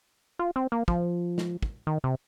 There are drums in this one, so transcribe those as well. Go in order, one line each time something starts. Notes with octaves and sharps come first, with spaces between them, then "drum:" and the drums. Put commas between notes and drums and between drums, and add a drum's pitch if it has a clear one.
F4
C4
A#3
F3, drum: kick
drum: snare
drum: kick
D#3
C3